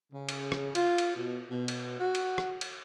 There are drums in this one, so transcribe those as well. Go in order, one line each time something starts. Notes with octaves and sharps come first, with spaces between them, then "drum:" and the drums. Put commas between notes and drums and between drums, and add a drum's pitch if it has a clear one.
C#3
drum: cymbal
drum: rim click
F4, drum: cymbal
drum: cymbal
B2
B2
drum: cymbal
F#4
drum: cymbal
drum: rim click
drum: cymbal